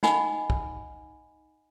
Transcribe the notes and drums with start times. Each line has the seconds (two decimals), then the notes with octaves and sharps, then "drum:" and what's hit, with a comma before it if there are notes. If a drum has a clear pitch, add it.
0.03 D#4 D#5 F#5 G#5 B5, drum: snare
0.50 drum: kick